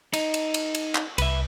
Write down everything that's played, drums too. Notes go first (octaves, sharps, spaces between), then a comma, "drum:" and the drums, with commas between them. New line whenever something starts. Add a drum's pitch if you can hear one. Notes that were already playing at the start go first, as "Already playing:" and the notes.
D#4, drum: cymbal
drum: cymbal
drum: cymbal
drum: cymbal
drum: clap
C2 B4 E5, drum: cymbal